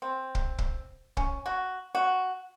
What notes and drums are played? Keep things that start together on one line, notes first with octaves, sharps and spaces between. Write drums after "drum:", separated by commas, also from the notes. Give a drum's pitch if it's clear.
C4
drum: kick
drum: kick
C#4, drum: kick
F#4
F#4